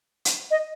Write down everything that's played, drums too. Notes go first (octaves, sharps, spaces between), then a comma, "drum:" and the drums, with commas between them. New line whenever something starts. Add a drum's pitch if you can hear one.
drum: hi-hat
D#5